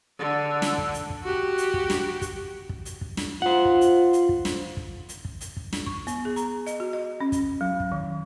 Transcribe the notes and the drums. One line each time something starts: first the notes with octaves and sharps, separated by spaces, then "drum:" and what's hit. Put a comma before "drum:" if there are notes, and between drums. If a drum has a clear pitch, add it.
D3
drum: snare
drum: kick
drum: hi-hat
drum: kick
F#4 G4
drum: hi-hat
drum: kick
drum: snare
drum: kick, hi-hat
drum: kick
drum: hi-hat
drum: kick
drum: snare
F4 C5 F#5
drum: kick
drum: hi-hat
drum: hi-hat
drum: kick
drum: snare
drum: kick
drum: hi-hat
drum: kick
drum: hi-hat
drum: kick
drum: snare
C#6, drum: kick
B3, drum: hi-hat
G#4
A#5, drum: hi-hat
D#5, drum: hi-hat
F#4
D#5
C#4
drum: kick, hi-hat
F#3
drum: kick
D#3